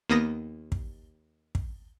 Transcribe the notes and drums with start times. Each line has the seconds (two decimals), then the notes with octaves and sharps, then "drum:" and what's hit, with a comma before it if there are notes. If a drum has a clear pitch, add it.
0.09 D#2 A#3 B3 D#6 A#6
0.72 drum: kick
1.55 drum: kick